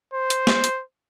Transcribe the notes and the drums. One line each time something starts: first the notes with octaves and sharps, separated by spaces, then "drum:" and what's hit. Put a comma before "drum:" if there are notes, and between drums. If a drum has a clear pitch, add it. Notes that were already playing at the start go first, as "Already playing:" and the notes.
C5
drum: hi-hat
drum: snare
drum: hi-hat